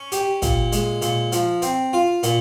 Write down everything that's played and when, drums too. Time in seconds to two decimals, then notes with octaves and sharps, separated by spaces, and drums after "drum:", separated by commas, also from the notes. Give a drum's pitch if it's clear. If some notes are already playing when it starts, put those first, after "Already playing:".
Already playing: C#4
0.12 G4, drum: hi-hat
0.42 A#2, drum: kick, hi-hat
0.72 G#3, drum: hi-hat
1.02 A#2, drum: hi-hat
1.32 F3, drum: hi-hat
1.62 C4, drum: hi-hat
1.93 F4
2.23 A#2, drum: hi-hat